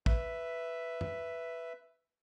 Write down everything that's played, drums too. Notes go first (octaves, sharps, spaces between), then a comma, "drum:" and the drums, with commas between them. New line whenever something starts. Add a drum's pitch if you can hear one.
B4 E5, drum: kick
drum: tom